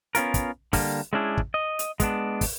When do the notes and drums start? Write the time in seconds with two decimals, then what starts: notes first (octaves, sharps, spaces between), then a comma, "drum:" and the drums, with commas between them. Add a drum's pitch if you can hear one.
0.15 B3 C#4 F4 A#4, drum: hi-hat
0.34 drum: kick, hi-hat
0.73 D3 G3 A#3, drum: kick, open hi-hat
1.13 G#3 A3 C#4 D4 E4 G#4
1.38 drum: kick
1.54 D#5
1.79 drum: hi-hat
2.00 G#3 B3 D4, drum: kick, hi-hat
2.41 drum: kick, open hi-hat